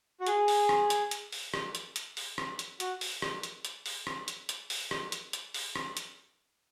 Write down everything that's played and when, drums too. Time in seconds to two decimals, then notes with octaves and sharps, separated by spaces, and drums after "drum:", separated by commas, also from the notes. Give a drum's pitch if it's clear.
0.20 F#4
0.26 G#4, drum: hi-hat
0.48 drum: open hi-hat
0.69 drum: rim click
0.90 drum: hi-hat
1.11 drum: hi-hat
1.32 drum: open hi-hat
1.54 drum: rim click
1.75 drum: hi-hat
1.96 drum: hi-hat
2.17 drum: open hi-hat
2.38 drum: rim click
2.59 drum: hi-hat
2.80 F#4, drum: hi-hat
3.01 drum: open hi-hat
3.22 drum: rim click
3.43 drum: hi-hat
3.65 drum: hi-hat
3.86 drum: open hi-hat
4.07 drum: rim click
4.28 drum: hi-hat
4.49 drum: hi-hat
4.70 drum: open hi-hat
4.91 drum: rim click
5.12 drum: hi-hat
5.33 drum: hi-hat
5.54 drum: open hi-hat
5.76 drum: rim click
5.97 drum: hi-hat